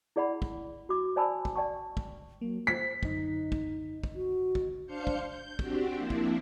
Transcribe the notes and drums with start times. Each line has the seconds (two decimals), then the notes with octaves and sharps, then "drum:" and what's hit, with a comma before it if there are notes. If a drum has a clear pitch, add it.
0.16 E4 G#4 D5 F#5 B5
0.42 drum: kick
0.89 F#4 D6
1.16 C5 D5 G#5 A5 B5 E6
1.45 drum: kick
1.56 D5 G5 A5 C#6
1.97 drum: kick
2.41 F#3 A#3
2.67 C5 B6
3.03 F#2 D3 D#4 D#5, drum: kick
3.52 drum: kick
4.04 drum: kick
4.15 F#4
4.55 drum: kick
4.86 D4 C5 F5 G6 C#7
5.07 drum: kick
5.27 G6
5.59 C4 D4 F#4 G4, drum: kick
5.96 F3 A#3 C4 D4 E4
6.10 drum: kick